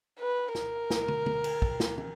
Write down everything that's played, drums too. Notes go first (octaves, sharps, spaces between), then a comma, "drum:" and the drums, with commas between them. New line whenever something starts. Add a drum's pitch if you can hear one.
B4
A#4, drum: snare
drum: snare
drum: tom
drum: tom
drum: cymbal
drum: kick
drum: snare
drum: tom